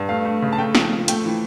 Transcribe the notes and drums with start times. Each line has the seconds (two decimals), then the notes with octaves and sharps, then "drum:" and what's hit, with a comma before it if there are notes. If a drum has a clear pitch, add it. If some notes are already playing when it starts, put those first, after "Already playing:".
Already playing: G2
0.09 A3 F5
0.25 A3
0.42 C#3
0.52 A5
0.58 A3 G5
0.75 F3, drum: snare
0.91 F3
1.08 A3 G5, drum: hi-hat
1.25 E3